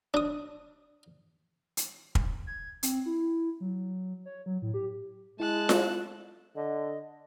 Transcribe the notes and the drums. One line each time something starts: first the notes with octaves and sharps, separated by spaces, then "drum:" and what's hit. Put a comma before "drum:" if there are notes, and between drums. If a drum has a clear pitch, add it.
D4 D#6
drum: hi-hat
drum: kick
G#6
C4, drum: hi-hat
E4
F#3
C#5
F#3
A2
G4
G#3 E4 A5 F#6
drum: snare F4
D3 D#5